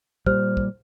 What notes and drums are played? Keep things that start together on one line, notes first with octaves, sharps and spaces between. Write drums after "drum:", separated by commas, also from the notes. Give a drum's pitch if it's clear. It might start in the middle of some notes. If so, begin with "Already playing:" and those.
A#2 G3 C5 F6, drum: kick
drum: kick